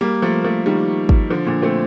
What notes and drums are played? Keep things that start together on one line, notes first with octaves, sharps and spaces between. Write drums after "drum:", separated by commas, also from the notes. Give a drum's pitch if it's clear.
G3 A#3
F3 A3
F3 A3
D#3 G3
drum: kick
D3 F3
A#2 D3
A3 C4